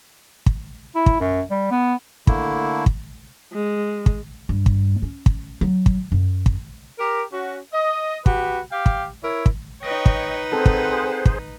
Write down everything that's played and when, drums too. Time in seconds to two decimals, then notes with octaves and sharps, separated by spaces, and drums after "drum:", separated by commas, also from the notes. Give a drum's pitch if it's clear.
0.46 drum: kick
0.95 E4
1.06 drum: kick
1.20 F#2
1.51 G3
1.71 B3
2.27 D3 A3 A#3 E4, drum: kick
2.86 drum: kick
3.53 G#3
4.06 drum: kick
4.49 G2
4.66 drum: kick
5.02 C#4
5.26 drum: kick
5.61 F#3
5.86 drum: kick
6.12 F#2
6.46 drum: kick
6.99 G4 A#4
7.32 C#4 F#4
7.73 D#5
8.26 F#4 G4 B4, drum: kick
8.72 G4 F5 G5
8.86 drum: kick
9.24 E4 A#4 C#5
9.46 drum: kick
9.83 D#4 B4 C#5 D#5 G5
10.06 drum: kick
10.52 C4 G#4 A4 C5 F#5 A5
10.66 drum: kick
11.25 drum: kick